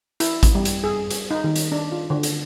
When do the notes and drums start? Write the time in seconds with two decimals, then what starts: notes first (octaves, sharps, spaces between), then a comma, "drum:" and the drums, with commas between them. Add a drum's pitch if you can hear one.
0.20 E4, drum: hi-hat
0.43 drum: kick A1, hi-hat
0.55 G3
0.65 drum: hi-hat
0.84 G#4
1.10 drum: hi-hat
1.31 D#4
1.44 D#3
1.56 drum: hi-hat
1.72 D4
1.92 F4
2.10 D3
2.23 drum: hi-hat